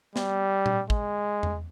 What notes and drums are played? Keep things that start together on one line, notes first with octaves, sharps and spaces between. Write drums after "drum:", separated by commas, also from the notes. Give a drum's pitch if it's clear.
G3, drum: snare
drum: tom A#2
G#3, drum: kick
drum: tom E2